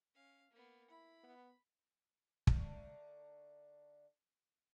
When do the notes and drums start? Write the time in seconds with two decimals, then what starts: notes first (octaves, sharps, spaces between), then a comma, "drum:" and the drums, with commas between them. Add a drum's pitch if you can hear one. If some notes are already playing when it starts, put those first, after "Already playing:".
0.15 C#4 F5
0.51 A#3 B3
0.90 E4 B5
1.23 B3
2.47 D3 A3 A#4, drum: kick